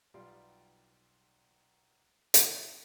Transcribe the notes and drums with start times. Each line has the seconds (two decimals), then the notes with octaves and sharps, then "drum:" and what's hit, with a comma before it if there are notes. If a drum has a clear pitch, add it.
0.14 B1 G3 F4 G4 D5 C6
2.34 drum: hi-hat